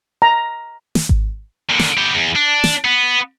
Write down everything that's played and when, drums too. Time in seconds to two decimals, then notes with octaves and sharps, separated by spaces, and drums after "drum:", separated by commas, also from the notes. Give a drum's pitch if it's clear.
0.22 A#5
0.95 drum: snare
1.09 drum: kick G#1
1.70 A#2 D3
1.79 drum: snare
1.98 B3 G4
2.15 E2
2.36 D4
2.64 drum: snare
2.85 B3